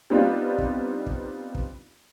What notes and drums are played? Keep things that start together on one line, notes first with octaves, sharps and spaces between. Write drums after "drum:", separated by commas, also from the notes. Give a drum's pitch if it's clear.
G3 B3 C4 D4 D#4 F4
drum: kick
drum: kick
drum: kick